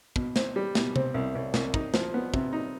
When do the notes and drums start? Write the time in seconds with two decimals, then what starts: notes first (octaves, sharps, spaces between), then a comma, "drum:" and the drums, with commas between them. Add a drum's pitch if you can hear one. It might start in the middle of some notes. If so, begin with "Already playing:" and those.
0.16 B2, drum: kick
0.36 C4, drum: snare
0.56 G3
0.75 B2, drum: snare
0.96 C4, drum: tom C3
1.14 C2
1.35 C2
1.54 C2, drum: snare
1.74 D#4, drum: kick
1.94 F3, drum: snare
2.14 B3
2.34 C3, drum: kick
2.53 D#4